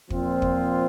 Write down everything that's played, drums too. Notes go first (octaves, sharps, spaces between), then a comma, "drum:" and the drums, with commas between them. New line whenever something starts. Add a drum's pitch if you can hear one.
A#2 F3 C4 F4, drum: kick
drum: kick